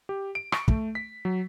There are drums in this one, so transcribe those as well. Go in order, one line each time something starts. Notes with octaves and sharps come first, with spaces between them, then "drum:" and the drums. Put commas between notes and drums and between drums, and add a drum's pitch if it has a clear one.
G4
D7
C#6, drum: rim click
A3, drum: kick
B6
F#3